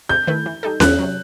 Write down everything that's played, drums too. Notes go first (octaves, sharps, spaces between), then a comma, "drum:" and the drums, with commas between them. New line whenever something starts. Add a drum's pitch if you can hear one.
C3 G6
D#3 A3 E4 B4
E3
G3 D#4 A4
E2 F#6, drum: snare C#4
C3 F#3